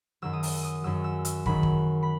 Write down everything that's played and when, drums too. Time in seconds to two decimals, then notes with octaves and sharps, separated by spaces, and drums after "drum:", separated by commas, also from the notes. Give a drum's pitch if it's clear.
0.22 F#2 D#3 F#3 E6
0.33 D#6
0.43 E6, drum: open hi-hat
0.63 D#6
0.84 F#2 D#3 F#3 E6
1.04 E6
1.25 E6, drum: hi-hat
1.46 F#2 D#3 F#3 B5, drum: kick
1.63 drum: kick
2.03 B5